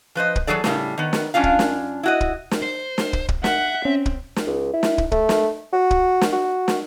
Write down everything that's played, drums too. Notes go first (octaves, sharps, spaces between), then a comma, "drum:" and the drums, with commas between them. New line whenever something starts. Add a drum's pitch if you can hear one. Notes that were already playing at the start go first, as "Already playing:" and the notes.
F3 B4 C5 D#5
drum: kick
E2 G#2 F#3 G#4 A4 D5
A2 C#3 G3, drum: snare
D#3 B3
drum: snare
F#2 C#4 D4 F4 F5
drum: kick
drum: snare
E4 F#4 D#5
drum: kick
drum: snare
C5
drum: snare
drum: kick
drum: kick
E5 F#5, drum: snare
C4 C#4
drum: kick
drum: snare
C#2
E4
drum: snare
drum: kick
A3, drum: kick
drum: snare
F#4
drum: kick
drum: snare
F#4
drum: snare